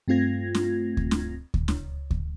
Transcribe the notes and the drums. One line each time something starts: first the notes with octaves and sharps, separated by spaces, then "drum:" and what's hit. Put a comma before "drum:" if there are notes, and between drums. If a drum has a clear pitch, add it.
G2 A3 C4 F4 G#6 A#6
drum: snare
drum: kick D2
drum: snare
drum: kick D2
C#2, drum: snare
drum: kick D2